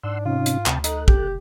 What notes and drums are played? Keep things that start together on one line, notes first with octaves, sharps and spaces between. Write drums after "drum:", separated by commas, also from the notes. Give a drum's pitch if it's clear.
G#2 D4 F#5 C6 E6
C3 C#4 D#4 F4
drum: hi-hat
D2 C3 G5 A5, drum: clap
D#4 A4 F#6, drum: hi-hat
F1 G4, drum: kick